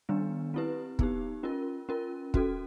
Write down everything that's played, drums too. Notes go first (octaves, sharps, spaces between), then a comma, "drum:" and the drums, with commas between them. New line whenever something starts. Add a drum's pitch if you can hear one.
D#3 G3 B3 D4
C4 E4 G4 B4
B3 D#4 G4, drum: kick
C#4 F4 A#4
C#4 F4 A#4
C#4 F#4 A4, drum: kick